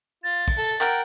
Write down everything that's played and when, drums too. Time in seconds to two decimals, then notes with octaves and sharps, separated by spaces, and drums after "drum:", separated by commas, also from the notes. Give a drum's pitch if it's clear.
0.24 F4 A6
0.48 drum: kick, cymbal
0.58 A4
0.81 A#4 F#5 G5, drum: clap